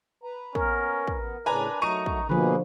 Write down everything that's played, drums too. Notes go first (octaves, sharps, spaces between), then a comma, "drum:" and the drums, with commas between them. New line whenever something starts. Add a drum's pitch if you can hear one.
B4 A#5
B3 C#4 A#4, drum: kick
drum: kick
A2 C#3 D4 B4 G#5 A#5
F#3 A3 D#4 A#5 C#6 D#7
drum: kick
B2 D3 F3 A#3 G#4 B4